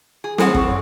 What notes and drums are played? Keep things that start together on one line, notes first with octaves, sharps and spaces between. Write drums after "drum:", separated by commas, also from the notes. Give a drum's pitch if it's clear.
G#4
A2 C4 A4 F#5 G#5, drum: snare
C#6 D6 A#6, drum: kick
F#2